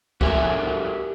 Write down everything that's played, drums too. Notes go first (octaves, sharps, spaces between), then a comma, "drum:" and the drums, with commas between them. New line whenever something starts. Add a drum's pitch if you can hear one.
F#4 G4 A4 A#4 E5 G#5, drum: kick C2